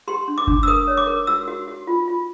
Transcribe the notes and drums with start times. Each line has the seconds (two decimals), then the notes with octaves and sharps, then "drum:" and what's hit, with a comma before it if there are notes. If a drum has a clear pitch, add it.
0.08 G4 C6
0.28 D4
0.38 D6
0.47 D4, drum: kick F#1
0.63 E6
0.68 A#4 D#6
0.87 C#5
0.97 D6
1.07 A#4
1.27 F#4 E6
1.48 F#4
1.68 F#4
1.87 F4
2.08 F4